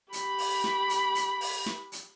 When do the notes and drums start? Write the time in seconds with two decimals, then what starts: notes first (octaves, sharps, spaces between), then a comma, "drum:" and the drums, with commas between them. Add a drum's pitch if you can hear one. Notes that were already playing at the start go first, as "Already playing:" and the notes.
0.13 G4 B5, drum: hi-hat
0.38 drum: open hi-hat
0.64 drum: snare
0.89 drum: hi-hat
1.15 drum: hi-hat
1.41 drum: open hi-hat
1.66 drum: snare
1.92 drum: hi-hat